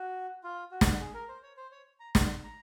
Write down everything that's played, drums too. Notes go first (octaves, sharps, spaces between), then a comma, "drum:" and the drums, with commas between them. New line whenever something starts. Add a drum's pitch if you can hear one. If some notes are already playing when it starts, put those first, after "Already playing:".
Already playing: F#4
F4
F#4
drum: snare
G#4
A#4
C5
C#5
C5
C#5
A#5
C6, drum: snare
A#5